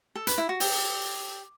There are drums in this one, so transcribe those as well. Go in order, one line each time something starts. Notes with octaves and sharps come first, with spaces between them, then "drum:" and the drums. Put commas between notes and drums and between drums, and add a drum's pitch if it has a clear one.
A4
B4, drum: hi-hat
E4
F#4
G4, drum: open hi-hat